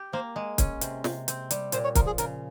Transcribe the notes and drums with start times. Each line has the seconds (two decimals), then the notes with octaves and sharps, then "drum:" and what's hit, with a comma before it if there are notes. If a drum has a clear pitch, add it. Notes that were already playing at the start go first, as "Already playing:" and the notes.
Already playing: G4
0.13 A#3 C5
0.36 G#3
0.58 C#4, drum: kick, hi-hat
0.81 C3, drum: hi-hat
1.04 C3, drum: snare
1.28 C4, drum: hi-hat
1.51 G3, drum: hi-hat
1.72 A#2 C5, drum: hi-hat
1.84 C#5
1.95 F3 A#4, drum: kick, hi-hat
2.06 G#4
2.18 C#3 A#4, drum: hi-hat